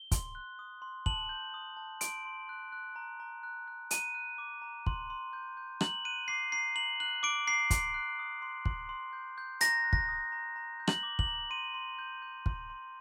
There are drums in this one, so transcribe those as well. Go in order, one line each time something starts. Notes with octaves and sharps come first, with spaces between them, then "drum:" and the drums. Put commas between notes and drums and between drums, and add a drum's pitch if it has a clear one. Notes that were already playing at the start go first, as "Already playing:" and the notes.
Already playing: G7
C6, drum: kick, hi-hat
F#6
D#6
C6
A5 F#7, drum: kick
G6
D#6
A5
C6 D7, drum: hi-hat
C6
F#6
F#6
A#5
A#5
F#6
F#6
A#5 D#7, drum: hi-hat
F#6
D6
A#5
C6, drum: kick
C6
G6
G6
A#5 F#7, drum: rim click
F#6 D#7
D6 C7
A#5 C7
A#5 F#7
F#6 F#7
D6 D7
A#5 C7
C6 C7, drum: kick, hi-hat
F#6
D#6
C6
C6, drum: kick
C6
G6
G6
A#5 A#6, drum: hi-hat
F#6
A#6, drum: kick
D#6
A#5
A#5
G6
F#7, drum: rim click
D6
F#7, drum: kick
A#5
C6 D#7
C6
G6
G6
C6, drum: kick
C6